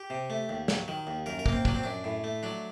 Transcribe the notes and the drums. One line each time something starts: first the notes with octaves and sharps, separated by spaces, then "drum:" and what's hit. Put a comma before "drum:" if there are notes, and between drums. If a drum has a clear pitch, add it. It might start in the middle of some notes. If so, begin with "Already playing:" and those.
Already playing: G4
C3
A3
D#2
F#3, drum: snare
D#3
D#2
F#2 A#4
A#4
A#3, drum: kick
C4
F#3 D4, drum: kick
C4
F#2 D4
A2
A3
F#3 D4